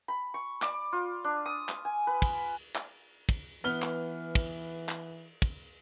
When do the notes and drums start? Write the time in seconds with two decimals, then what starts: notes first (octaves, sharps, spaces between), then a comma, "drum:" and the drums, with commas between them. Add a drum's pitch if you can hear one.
0.08 B5
0.34 C#6
0.62 D5, drum: clap
0.93 F4
1.24 D4
1.46 D#6
1.69 drum: clap
1.85 G#5
2.07 B4
2.22 drum: kick, cymbal
2.75 drum: clap
3.29 drum: kick, cymbal
3.64 E3 B3 F6 G7
3.82 drum: clap
4.35 drum: kick, cymbal
4.89 drum: clap
5.42 drum: kick, cymbal